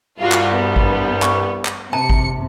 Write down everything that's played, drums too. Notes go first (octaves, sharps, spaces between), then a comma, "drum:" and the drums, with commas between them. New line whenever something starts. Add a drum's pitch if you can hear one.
C2 G2 G3 F4 F#4
drum: clap
B3
drum: kick
C#6, drum: clap
drum: clap
C3 A5 A#5 C#7
drum: kick